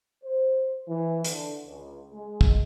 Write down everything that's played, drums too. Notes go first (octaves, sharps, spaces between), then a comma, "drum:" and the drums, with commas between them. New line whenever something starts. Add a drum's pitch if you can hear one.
C5
E3
D3, drum: hi-hat
C#2
G#3
drum: kick